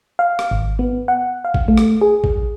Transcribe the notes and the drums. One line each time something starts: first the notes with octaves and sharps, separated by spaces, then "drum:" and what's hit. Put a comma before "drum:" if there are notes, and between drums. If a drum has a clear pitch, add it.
F5
drum: rim click
G#1
B3
F#5
F5
drum: kick A1
A3
drum: rim click
G#4
drum: kick A1